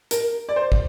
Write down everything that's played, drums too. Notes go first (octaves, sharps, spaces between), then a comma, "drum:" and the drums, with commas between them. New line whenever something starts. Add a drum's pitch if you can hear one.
A#4, drum: hi-hat
D5
C5
drum: kick